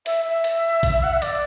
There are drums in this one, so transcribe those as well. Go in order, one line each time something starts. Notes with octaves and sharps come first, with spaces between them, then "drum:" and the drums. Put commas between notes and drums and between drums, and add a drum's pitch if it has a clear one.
E5, drum: hi-hat
E5
drum: hi-hat
drum: kick, hi-hat
F#5
E5
D5, drum: hi-hat